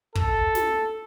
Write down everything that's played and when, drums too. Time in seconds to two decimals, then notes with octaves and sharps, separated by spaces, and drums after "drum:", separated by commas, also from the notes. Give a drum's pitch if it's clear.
0.15 A4, drum: kick
0.55 drum: snare